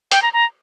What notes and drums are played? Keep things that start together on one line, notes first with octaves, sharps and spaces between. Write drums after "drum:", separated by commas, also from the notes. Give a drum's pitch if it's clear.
G5, drum: hi-hat
A#5
A#5